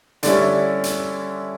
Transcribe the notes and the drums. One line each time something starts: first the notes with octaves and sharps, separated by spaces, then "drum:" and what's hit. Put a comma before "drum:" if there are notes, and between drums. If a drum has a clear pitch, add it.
D3 G3 C#4 E4 D5, drum: hi-hat
drum: hi-hat